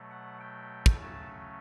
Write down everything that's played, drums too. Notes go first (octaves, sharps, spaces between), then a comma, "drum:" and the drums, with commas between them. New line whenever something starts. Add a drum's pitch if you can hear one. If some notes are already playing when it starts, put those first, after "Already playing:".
Already playing: B2 F#3 A3
F#5
G5
drum: kick
C#3 F#3 A3 C#4 A5